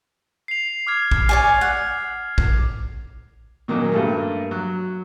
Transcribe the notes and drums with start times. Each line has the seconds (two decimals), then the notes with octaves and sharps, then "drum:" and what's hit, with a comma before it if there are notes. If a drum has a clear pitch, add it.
0.48 C7 F7
0.87 D6 F6 G#6
1.11 drum: kick A#1
1.29 C#5 D5 G#5
1.61 F#5
2.38 drum: kick A#1
3.68 A#2 D#3 F#3 A#3 C#4
3.92 G2 A3 A#3
4.51 F#3